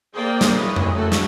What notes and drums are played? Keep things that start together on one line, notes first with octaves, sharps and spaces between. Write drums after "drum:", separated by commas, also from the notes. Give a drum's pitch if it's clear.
A#3 G#4 C5 D5 G5
drum: snare
E4 B4 C#5 D#5
drum: tom F2
A3 F#4 G#4 A4
drum: snare